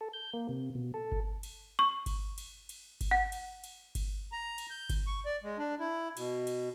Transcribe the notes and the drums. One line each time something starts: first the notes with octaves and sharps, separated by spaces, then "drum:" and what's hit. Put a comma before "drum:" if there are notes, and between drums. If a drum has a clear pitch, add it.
A4
G6
A#3
C3
B2
A4
drum: kick G1
drum: cymbal
C#6
drum: kick G1, cymbal
drum: cymbal
drum: cymbal
drum: kick G1, cymbal
F#5
drum: cymbal
drum: cymbal
drum: kick G1, cymbal
A#5
drum: cymbal
G6
drum: kick G1, cymbal
C#6
D5
G#3
D4
E4
B2, drum: cymbal
drum: cymbal